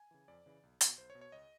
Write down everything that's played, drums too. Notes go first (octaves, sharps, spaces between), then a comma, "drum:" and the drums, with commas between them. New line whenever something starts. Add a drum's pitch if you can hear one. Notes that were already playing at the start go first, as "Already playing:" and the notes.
Already playing: G#5
C#3 E3
F2 D5
C#3 E3
B1
B2, drum: hi-hat
B1 C5
C#5
B2
C#5
C#2 D#5